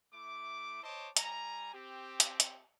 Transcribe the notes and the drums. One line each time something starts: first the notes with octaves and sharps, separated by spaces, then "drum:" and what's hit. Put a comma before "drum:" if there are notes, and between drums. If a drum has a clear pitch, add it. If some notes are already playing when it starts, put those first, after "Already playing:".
A3 E4 D6
C5 C#5 D#5 A5 D6
G3 G#5 A#5, drum: hi-hat
C4 G4
drum: hi-hat
drum: hi-hat